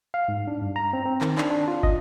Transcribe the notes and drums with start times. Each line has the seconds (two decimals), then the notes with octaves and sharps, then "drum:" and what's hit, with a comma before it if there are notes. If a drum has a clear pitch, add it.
0.14 F5
0.28 G#2
0.48 D4
0.61 G2
0.76 A#5
0.93 C4
1.05 C4
1.21 D#3, drum: clap
1.38 D4, drum: clap
1.50 D4
1.68 F4
1.83 D#5, drum: kick